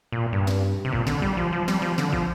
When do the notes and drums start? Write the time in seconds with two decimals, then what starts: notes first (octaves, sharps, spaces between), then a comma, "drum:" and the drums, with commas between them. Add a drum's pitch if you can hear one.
0.12 A#2
0.33 G2
0.47 drum: snare
0.85 C3
0.92 A#2, drum: kick
1.07 D3, drum: snare
1.22 G3, drum: kick
1.37 F3
1.52 F3
1.68 G3, drum: snare
1.82 F3
1.98 D3, drum: snare
2.12 F3, drum: kick